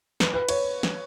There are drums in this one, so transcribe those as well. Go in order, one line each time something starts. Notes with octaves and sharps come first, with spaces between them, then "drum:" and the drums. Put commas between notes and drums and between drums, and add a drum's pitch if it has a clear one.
B4, drum: snare
B4
C#5, drum: cymbal
drum: snare